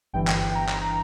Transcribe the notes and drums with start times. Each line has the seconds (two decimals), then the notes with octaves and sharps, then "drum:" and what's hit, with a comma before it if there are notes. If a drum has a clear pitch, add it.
0.13 G1 G2 E3 G5
0.27 G5, drum: clap
0.41 G5
0.55 A#5
0.69 A#5, drum: clap